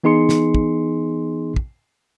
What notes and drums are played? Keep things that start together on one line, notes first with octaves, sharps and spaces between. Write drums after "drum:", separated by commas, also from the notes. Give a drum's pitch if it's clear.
E3 B3 D#4 G#4 C6 C#7
drum: snare
drum: kick
drum: kick